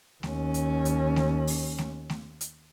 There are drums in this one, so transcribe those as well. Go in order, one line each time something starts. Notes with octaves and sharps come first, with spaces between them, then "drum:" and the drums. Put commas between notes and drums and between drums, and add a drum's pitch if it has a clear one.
D#2 C#4, drum: snare A3
drum: hi-hat
drum: hi-hat
drum: snare A3
drum: open hi-hat
drum: snare A3
drum: snare A3
drum: hi-hat